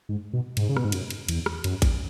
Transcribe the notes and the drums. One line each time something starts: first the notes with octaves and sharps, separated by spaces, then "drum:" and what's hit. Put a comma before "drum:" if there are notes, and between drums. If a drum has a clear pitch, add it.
G#2
B2
G#2, drum: cymbal
C#3
B2, drum: rim click
G#2
F#2, drum: cymbal
drum: cymbal
E2, drum: cymbal
drum: rim click
F#2, drum: cymbal
drum: kick A1, cymbal